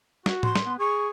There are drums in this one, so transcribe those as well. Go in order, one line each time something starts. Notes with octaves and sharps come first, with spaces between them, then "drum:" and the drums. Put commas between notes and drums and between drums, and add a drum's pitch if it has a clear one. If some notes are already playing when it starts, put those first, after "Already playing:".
F#4, drum: snare
C6, drum: tom A2
drum: snare
B3
G#4 C#6